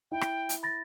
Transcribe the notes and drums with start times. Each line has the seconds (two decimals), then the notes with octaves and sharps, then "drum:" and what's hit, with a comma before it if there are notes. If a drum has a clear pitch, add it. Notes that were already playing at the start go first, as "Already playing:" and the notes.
0.12 E4 G5
0.21 drum: rim click
0.49 drum: hi-hat
0.63 B5 A6 A#6